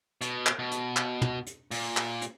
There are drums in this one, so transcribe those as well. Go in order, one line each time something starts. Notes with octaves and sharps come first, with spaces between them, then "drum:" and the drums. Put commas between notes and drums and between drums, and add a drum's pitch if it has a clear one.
B2, drum: hi-hat
drum: clap
B2
drum: hi-hat
drum: clap
drum: tom
drum: hi-hat
A#2, drum: open hi-hat
drum: clap
drum: hi-hat